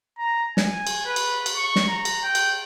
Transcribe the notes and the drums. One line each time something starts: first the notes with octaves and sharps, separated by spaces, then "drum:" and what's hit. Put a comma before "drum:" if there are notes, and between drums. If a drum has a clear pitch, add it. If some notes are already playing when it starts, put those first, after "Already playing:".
A#5
G#5, drum: snare
drum: cymbal
B4
drum: cymbal
drum: cymbal
C#6
drum: snare
A#5
drum: cymbal
G5
drum: cymbal